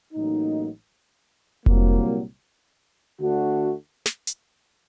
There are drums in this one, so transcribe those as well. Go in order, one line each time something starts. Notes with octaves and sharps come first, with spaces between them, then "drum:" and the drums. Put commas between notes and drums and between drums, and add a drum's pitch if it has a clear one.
A1 A2 F#3 A#3 D#4
C2 A#2 F#3 A#3, drum: kick F1
D2 D3 A3 D4 F#4
drum: snare
drum: hi-hat